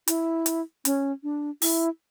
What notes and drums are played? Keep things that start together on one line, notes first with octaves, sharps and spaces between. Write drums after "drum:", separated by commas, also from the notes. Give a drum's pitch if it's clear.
E4, drum: hi-hat
drum: hi-hat
C#4, drum: hi-hat
D4
E4, drum: open hi-hat